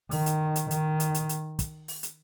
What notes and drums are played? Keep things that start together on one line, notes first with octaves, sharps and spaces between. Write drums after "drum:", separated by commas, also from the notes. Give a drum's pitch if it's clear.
D#3, drum: open hi-hat
drum: hi-hat
drum: hi-hat
D#3, drum: hi-hat
drum: hi-hat
drum: hi-hat
drum: hi-hat
drum: kick, hi-hat
drum: open hi-hat
drum: hi-hat